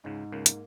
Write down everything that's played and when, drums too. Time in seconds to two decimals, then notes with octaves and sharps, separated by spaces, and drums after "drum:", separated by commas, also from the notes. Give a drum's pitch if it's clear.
0.04 C#2 G#2 C#3
0.32 C#2 C#3 A#3
0.46 drum: hi-hat